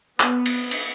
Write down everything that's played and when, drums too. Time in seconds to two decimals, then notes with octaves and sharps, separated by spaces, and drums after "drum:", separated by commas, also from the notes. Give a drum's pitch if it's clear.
0.20 B3, drum: clap
0.46 drum: cymbal
0.71 drum: cymbal